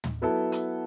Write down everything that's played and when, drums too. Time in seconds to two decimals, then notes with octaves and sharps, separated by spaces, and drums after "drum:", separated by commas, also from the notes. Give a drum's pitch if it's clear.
0.04 drum: tom
0.22 F#3 B3 E4 A4
0.52 drum: hi-hat